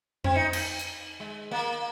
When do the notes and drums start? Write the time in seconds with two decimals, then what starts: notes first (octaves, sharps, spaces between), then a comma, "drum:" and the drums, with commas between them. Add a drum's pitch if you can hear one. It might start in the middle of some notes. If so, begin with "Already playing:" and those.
0.24 C4, drum: tom F2
0.36 D#4
0.53 drum: cymbal
0.79 drum: hi-hat
1.20 G#3
1.51 A#3